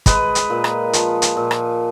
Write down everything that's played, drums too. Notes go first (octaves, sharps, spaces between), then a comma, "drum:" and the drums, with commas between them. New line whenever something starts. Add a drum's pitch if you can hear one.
G#3 B4 D#5, drum: kick, hi-hat
drum: hi-hat
A#2
drum: rim click
F3, drum: hi-hat
drum: hi-hat
A#2
drum: rim click